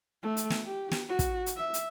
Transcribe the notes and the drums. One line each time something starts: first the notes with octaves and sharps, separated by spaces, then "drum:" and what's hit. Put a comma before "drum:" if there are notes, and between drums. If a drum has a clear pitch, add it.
A3
drum: hi-hat
drum: snare
G4
drum: snare
F#4
drum: kick, hi-hat
drum: hi-hat
E5
drum: hi-hat